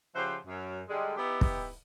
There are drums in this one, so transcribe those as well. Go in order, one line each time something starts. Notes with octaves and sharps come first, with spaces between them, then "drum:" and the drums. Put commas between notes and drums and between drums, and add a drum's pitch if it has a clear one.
C#3 F3 G4 C5 E5 F#5
F#2
D3 G3 G#3
B3 D#4 E4 G4
drum: kick